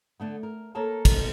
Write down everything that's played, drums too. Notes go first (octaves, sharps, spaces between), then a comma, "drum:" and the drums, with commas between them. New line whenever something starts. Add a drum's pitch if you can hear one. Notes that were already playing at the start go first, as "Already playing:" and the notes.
D3 A3 B3
A#4
A#3 A4 A#4 C#5 A5
drum: kick, cymbal